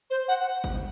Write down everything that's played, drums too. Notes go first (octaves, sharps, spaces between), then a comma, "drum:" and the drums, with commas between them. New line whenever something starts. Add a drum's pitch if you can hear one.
C5
F#5
drum: kick G1